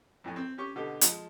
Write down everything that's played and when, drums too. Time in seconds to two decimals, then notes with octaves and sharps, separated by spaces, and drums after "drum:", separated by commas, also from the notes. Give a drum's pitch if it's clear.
0.24 F2 A2 G#5
0.36 C4
0.58 C#4 G4 C#6
0.76 B2 D3 G4 A4
1.01 F3 G#3, drum: hi-hat